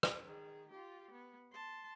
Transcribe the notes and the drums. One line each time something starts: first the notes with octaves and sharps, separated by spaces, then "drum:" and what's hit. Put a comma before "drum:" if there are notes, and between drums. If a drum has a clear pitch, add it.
drum: rim click
D#3 G#4
F4 G4
B3
A5 C6